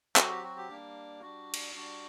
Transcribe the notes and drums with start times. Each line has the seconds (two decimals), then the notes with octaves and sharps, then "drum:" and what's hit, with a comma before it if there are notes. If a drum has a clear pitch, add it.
0.16 F#3 C4 F#4 A4, drum: clap
0.30 G4
0.44 F#4
0.57 G4
0.69 G3 A#3 D4
1.22 G3 D4 F#4
1.54 drum: cymbal
1.75 G3 D4 F#4 D5